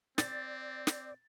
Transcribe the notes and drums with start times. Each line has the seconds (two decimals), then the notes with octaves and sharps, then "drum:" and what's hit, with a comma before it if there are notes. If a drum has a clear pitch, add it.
0.18 C4 D5 A6, drum: snare
0.87 drum: snare